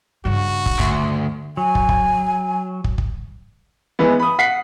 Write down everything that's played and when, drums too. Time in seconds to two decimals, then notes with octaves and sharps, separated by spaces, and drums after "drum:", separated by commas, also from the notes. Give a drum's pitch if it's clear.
0.25 G2 C#3 F#4
0.66 drum: kick
0.79 D2, drum: kick
1.57 F#3 G#5
1.75 drum: kick
1.89 drum: kick
2.84 drum: kick
2.98 drum: kick
3.99 E3 G#3 B3
4.19 B5 D#6
4.39 F#5 B6 C7